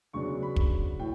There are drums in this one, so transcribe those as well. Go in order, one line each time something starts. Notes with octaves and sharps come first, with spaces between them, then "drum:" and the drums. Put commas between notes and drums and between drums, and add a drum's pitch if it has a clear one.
D2 C#3 F#3 B3 D4 C#6
B5
drum: kick
A2 E3 G5